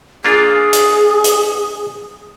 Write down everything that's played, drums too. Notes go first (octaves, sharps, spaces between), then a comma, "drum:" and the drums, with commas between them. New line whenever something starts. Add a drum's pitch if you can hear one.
A#3 D4 F4 G#4
drum: hi-hat
drum: hi-hat